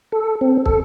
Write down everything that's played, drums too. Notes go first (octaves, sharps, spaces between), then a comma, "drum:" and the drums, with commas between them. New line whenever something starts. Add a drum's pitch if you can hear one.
A4
C4
A4, drum: kick